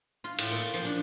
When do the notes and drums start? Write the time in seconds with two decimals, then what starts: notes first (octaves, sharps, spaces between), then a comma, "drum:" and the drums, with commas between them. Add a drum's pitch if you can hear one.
0.24 F4
0.39 A2, drum: cymbal
0.51 A#2
0.74 F3
0.85 D4